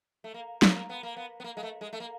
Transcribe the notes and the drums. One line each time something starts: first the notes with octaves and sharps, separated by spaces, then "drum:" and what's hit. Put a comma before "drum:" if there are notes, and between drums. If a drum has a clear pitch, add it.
A3
A#3
A#3, drum: snare
A#3
B3
A#3
B3
B3
A#3
G#3
A3
G#3
A3
A#3